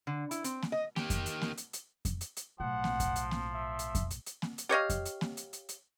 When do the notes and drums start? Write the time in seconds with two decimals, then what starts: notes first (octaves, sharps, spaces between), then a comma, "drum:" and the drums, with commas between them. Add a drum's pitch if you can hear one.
0.07 D3
0.31 E4, drum: hi-hat
0.44 C4, drum: hi-hat
0.63 drum: snare A#3
0.72 D#5
0.96 D#3 G4, drum: snare A#3
1.10 drum: kick F2, hi-hat
1.26 drum: hi-hat
1.42 drum: snare A#3
1.57 drum: hi-hat
1.73 drum: hi-hat
2.05 drum: kick F2, hi-hat
2.21 drum: hi-hat
2.36 drum: hi-hat
2.60 B1 A2 F3 F#5
2.84 drum: snare A#3
3.00 drum: kick F2, hi-hat
3.16 drum: hi-hat
3.31 drum: snare A#3
3.54 E5
3.79 drum: hi-hat
3.95 drum: kick F2, hi-hat
4.10 drum: hi-hat
4.26 drum: hi-hat
4.42 drum: snare A#3
4.58 drum: hi-hat
4.69 G4 C#5 D#5 F5
4.90 drum: kick F2, hi-hat
5.05 drum: hi-hat
5.21 drum: snare A#3
5.37 drum: hi-hat
5.53 drum: hi-hat
5.69 drum: hi-hat